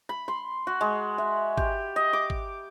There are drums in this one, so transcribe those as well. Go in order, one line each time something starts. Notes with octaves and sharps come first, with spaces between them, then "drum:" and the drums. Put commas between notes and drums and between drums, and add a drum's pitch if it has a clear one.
B5
C6
F#4
G#3
E5
G4, drum: kick
D#5
D6
drum: kick